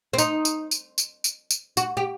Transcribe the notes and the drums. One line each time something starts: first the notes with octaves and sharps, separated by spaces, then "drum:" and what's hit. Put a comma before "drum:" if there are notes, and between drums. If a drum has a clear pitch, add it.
C4
D#4, drum: tambourine
drum: tambourine
drum: tambourine
drum: tambourine
drum: tambourine
drum: tambourine
F#4, drum: tambourine
G4